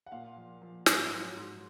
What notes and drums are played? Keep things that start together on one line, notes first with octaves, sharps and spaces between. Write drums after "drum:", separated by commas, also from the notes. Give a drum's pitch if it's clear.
F#5
A#2 F5
F3
F3
G#2, drum: snare
F#3
G#2